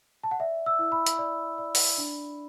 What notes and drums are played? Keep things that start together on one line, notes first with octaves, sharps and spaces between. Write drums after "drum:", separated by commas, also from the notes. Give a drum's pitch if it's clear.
A5
F#5
D5 E5
E6
E4
B5
drum: hi-hat
D5
D5
drum: open hi-hat
D4